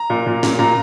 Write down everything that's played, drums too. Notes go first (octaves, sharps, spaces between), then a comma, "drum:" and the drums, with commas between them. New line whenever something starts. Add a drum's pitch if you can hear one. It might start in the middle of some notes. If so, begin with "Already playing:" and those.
Already playing: A#5
A#2
A#2
A#2, drum: snare
A#2 A#5